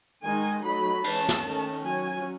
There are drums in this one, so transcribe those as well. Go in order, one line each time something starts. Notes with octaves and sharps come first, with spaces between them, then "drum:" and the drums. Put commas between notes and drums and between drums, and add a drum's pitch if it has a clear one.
D#3 G#3 D#4 G#5
F#3 A3 D#4 B5
E3 G#3 C#4 A5, drum: cymbal
drum: snare
D#3 A3 C#4
F#3 C#4 G#5